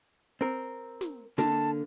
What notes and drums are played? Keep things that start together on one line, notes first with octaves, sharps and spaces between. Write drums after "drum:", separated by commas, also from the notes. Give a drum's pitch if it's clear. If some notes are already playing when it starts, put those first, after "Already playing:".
C4 A#4
drum: snare
D3 A#3 A5, drum: snare